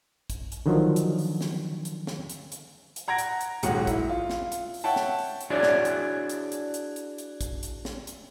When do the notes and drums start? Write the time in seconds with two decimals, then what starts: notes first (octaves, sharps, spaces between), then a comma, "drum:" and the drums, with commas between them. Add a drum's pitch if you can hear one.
0.30 drum: kick, hi-hat
0.52 drum: hi-hat
0.66 D3 D#3 F3 F#3
0.96 drum: hi-hat
1.18 drum: open hi-hat
1.41 drum: snare
1.85 drum: hi-hat
2.07 drum: snare
2.30 drum: hi-hat
2.52 drum: hi-hat
2.96 drum: hi-hat
3.08 F#5 A#5 G#6 A#6 D7
3.18 drum: hi-hat
3.41 drum: hi-hat
3.63 D#1 D#2 G#2 F#3 F#5 C#7, drum: hi-hat
3.87 E4, drum: kick, hi-hat
4.09 F4
4.30 drum: snare
4.52 drum: hi-hat
4.74 drum: open hi-hat
4.84 C#5 E5 F#5 G5 A5
4.96 drum: snare
5.18 drum: open hi-hat
5.41 drum: hi-hat
5.50 D4 E4 F#4 G#4 C#5 D5
5.63 drum: snare
5.85 drum: hi-hat
6.29 drum: hi-hat
6.52 drum: hi-hat
6.74 drum: hi-hat
6.96 drum: hi-hat
7.18 drum: hi-hat
7.41 drum: kick, hi-hat
7.63 drum: hi-hat
7.85 drum: snare
8.07 drum: hi-hat